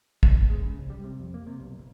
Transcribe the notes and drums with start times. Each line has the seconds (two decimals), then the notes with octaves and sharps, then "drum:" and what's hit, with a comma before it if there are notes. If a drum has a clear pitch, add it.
0.23 E2, drum: kick
0.36 E2
0.50 G#3
0.62 C#3
0.78 C2
0.90 G3
1.04 C3
1.19 F2
1.34 A#3
1.47 C3
1.60 B1
1.78 F#1